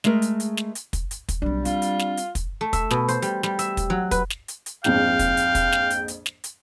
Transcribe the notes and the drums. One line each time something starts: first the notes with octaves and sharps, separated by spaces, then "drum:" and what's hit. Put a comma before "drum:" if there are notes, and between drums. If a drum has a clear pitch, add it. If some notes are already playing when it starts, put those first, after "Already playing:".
G#3 A3 G#4 A#4, drum: snare
drum: hi-hat
drum: hi-hat
drum: snare
drum: hi-hat
drum: kick, hi-hat
drum: hi-hat
drum: kick, hi-hat
B1 G3 C4 D4
C4 F4, drum: hi-hat
drum: hi-hat
drum: snare
drum: hi-hat
drum: kick, hi-hat
A3
E5, drum: kick, hi-hat
B2, drum: snare
C5, drum: hi-hat
G3, drum: hi-hat
G3, drum: snare
E5, drum: hi-hat
drum: kick, hi-hat
F#3
B4, drum: kick, hi-hat
drum: snare
drum: hi-hat
drum: hi-hat
A#1 F2 G#2 F5 G5, drum: snare
drum: kick, hi-hat
drum: hi-hat
drum: kick, hi-hat
drum: snare
drum: hi-hat
drum: hi-hat
drum: snare
drum: hi-hat